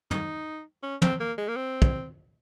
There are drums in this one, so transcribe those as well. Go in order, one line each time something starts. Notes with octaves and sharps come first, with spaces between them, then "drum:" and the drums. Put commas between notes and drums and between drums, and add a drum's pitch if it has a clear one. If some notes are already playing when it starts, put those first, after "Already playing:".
D#4, drum: tom
C#4
C4, drum: tom
A#3
G#3
A#3
C4
drum: kick